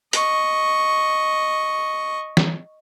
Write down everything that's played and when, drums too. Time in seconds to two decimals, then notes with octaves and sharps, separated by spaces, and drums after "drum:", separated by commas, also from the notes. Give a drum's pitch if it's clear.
0.13 D#5 C#6, drum: hi-hat
2.37 drum: snare E3